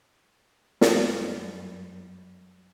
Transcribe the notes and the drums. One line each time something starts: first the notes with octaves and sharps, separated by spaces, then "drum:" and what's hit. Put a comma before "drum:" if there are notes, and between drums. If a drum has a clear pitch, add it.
F#2 G3, drum: snare